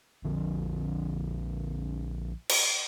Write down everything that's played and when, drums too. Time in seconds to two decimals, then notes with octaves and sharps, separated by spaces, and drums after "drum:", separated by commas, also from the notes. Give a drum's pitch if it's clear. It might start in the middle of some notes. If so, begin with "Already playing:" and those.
0.24 A#1 D3 F3
2.49 drum: cymbal